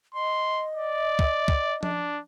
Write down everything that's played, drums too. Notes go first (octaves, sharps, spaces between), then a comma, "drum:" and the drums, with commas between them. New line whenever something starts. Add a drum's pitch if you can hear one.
D#5 C6
D5
drum: kick
drum: kick
D4, drum: tom F3